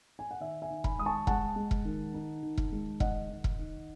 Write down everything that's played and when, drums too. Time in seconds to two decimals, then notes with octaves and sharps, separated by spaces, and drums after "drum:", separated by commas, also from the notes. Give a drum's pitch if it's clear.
0.19 G#5
0.31 F#5
0.40 D#3 E5
0.62 E5 G#5
0.70 D#3
0.84 G#5 B5, drum: kick E1
0.98 G#3 D#6
1.06 A5 C#6
1.27 G#3 F#5 A5, drum: kick E1
1.56 G#3
1.71 drum: kick E1
1.85 D#3
2.14 D#4
2.43 D#3
2.57 drum: kick E1
2.72 G#3
3.00 D#3 D#5 F#5, drum: kick E1
3.29 D#3
3.44 drum: kick E1
3.59 D#4